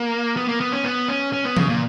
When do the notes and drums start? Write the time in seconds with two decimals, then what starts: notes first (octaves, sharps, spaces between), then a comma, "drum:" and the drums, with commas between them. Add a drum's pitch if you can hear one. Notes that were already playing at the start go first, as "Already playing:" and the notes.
Already playing: A#3
0.37 B3
0.48 A#3
0.61 B3
0.72 C#4
0.84 B3
1.08 C#4
1.33 C#4
1.44 B3
1.57 C#3, drum: tom E3
1.69 A#2